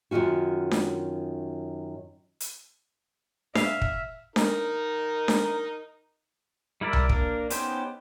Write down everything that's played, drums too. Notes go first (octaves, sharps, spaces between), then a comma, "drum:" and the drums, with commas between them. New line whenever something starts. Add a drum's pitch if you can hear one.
F#2 B2 D#3 F4 F#4
drum: snare D4
drum: hi-hat
E5 F5, drum: snare D4
drum: kick
D#4 A#4, drum: snare D4
drum: snare D4
G3 E4 A#4 D5 E5
drum: tom C2
A#3 D4 A#4, drum: kick
B3 C#4 D#4 G4 C5, drum: hi-hat